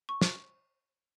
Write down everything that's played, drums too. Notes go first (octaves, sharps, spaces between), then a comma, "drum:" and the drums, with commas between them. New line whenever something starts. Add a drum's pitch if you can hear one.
C#6
drum: snare